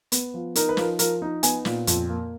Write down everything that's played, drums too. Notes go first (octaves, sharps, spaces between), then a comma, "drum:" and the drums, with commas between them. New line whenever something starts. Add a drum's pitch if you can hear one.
B3, drum: hi-hat
F3
D#4 A#4, drum: hi-hat
B4
F3 A#4, drum: snare
F3 A#4, drum: hi-hat
D#4
B3 G#5, drum: hi-hat
A#2, drum: snare
F2, drum: hi-hat
A#3